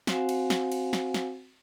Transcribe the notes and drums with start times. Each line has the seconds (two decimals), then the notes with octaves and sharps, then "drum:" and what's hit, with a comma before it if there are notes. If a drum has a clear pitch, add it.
0.07 C4 F#4 C5 F5 F#5 G#5, drum: snare
0.29 drum: cymbal
0.50 drum: snare
0.72 drum: cymbal
0.93 drum: snare
1.14 drum: snare